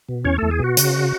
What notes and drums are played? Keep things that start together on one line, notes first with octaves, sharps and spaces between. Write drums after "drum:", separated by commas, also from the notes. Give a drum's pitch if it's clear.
B2
E2 C#4 C#5
E2 A3 A4
G#4
B2 F#4
C#3, drum: hi-hat